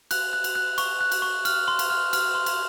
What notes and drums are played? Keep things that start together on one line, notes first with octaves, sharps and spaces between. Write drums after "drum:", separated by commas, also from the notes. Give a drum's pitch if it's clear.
F#6, drum: cymbal
F#6
drum: cymbal
F#6
C#6, drum: cymbal
F#6
drum: cymbal
C#6
F6, drum: cymbal
C6
drum: cymbal
F6
F6, drum: cymbal
C6
drum: cymbal